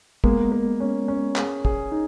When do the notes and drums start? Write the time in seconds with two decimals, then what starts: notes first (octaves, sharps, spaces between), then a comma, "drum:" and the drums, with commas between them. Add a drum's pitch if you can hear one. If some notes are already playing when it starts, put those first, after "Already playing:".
0.24 G#3 A#3 B3, drum: kick
0.52 A#3
0.80 C#4
1.08 C#4
1.36 G#4, drum: clap
1.65 G#4, drum: kick
1.92 D#4